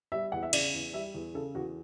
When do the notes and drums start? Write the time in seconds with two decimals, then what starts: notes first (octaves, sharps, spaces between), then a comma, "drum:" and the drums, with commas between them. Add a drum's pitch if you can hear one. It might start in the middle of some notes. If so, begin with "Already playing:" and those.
0.12 G3 E5
0.32 E2 F#5
0.43 E5
0.53 C#3 D5, drum: cymbal
0.74 E2
0.93 G3 E5
1.14 E2
1.34 C#3 A4
1.55 E2 F#4